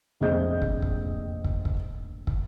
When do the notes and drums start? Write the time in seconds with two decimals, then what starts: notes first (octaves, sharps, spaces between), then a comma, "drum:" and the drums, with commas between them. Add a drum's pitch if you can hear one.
0.20 F1 A#1 C4 G#4 D#5 G6
0.62 drum: kick
0.82 drum: kick
1.44 drum: kick
1.65 drum: kick
2.27 drum: kick